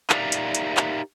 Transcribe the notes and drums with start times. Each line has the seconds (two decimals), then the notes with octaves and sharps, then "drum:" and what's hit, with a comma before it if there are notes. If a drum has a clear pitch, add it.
0.10 D#4 G4 A#4 D5 E5 F5, drum: clap
0.32 drum: hi-hat
0.55 drum: hi-hat
0.77 drum: clap